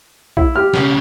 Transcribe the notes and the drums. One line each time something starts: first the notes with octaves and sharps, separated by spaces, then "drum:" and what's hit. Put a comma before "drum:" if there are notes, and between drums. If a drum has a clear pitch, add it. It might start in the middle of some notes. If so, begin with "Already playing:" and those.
E4, drum: kick B1
G4 F6
B1 C#3, drum: snare